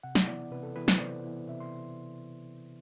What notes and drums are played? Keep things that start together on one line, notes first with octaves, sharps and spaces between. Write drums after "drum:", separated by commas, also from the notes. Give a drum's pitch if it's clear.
C3 F#5
drum: snare
E3 B3 E4 D5
C3 B4
A4
E3 B3 E4 B4
C5, drum: snare
C3 D5
E3 B3 E4
C3 E5
C6